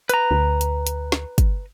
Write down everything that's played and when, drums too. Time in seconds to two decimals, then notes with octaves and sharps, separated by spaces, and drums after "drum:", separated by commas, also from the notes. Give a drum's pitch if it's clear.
0.09 B4 A#5, drum: hi-hat
0.31 D2
0.61 drum: hi-hat
0.87 drum: hi-hat
1.12 drum: snare
1.38 drum: kick, hi-hat